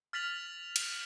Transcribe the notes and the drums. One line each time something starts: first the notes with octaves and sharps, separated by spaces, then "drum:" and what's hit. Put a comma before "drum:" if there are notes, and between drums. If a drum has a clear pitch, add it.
F6 A6 B6 F7 F#7
drum: cymbal